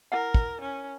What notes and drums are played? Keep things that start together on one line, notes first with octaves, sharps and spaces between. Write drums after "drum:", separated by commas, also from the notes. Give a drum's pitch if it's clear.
E4 A#4 F#5
drum: kick
C#4